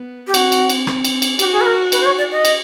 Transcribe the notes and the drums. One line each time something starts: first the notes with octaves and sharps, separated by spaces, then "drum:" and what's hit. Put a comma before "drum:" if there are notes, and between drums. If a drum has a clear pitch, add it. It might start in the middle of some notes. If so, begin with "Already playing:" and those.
Already playing: B3
G4
C4 F#4, drum: cymbal
drum: cymbal
drum: cymbal
drum: rim click
drum: cymbal
drum: cymbal
F#4 G4, drum: cymbal
G#4
B4
A#4
B4, drum: cymbal
C5
C#5
D5
D#5
drum: cymbal